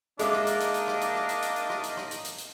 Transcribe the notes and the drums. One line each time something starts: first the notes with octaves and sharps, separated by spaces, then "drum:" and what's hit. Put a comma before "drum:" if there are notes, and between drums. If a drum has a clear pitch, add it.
G#3 A#3 D4 D#4 A#4 D#5 E5 D6, drum: hi-hat
drum: rim click
drum: hi-hat
drum: hi-hat
drum: hi-hat
drum: rim click
drum: hi-hat
drum: rim click
drum: hi-hat
drum: hi-hat
drum: hi-hat
drum: rim click
drum: hi-hat
drum: rim click
drum: hi-hat
drum: hi-hat
drum: hi-hat